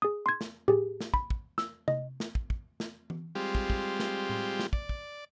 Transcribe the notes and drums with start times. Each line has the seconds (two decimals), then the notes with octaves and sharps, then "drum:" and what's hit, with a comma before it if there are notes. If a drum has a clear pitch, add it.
0.02 G#4 D#6
0.26 C6 G#6
0.41 drum: snare
0.68 G4 G#4, drum: tom A2
1.01 drum: snare
1.14 B5, drum: kick
1.30 drum: kick
1.58 E6, drum: snare
1.88 D#5, drum: tom C3
2.20 drum: snare
2.35 drum: kick
2.50 drum: kick
2.80 drum: snare
3.10 drum: tom E3
3.35 G3 G#3 C4 F4 G4
3.55 drum: kick
3.70 drum: kick
4.00 drum: snare
4.30 drum: tom A2
4.59 drum: snare
4.73 D5, drum: kick
4.89 drum: kick